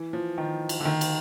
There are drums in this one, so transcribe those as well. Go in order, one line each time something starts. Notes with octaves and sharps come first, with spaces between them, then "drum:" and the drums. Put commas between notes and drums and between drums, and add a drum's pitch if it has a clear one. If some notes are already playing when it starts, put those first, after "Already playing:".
Already playing: E3
F3
D#3
drum: cymbal
D3
D#3
drum: cymbal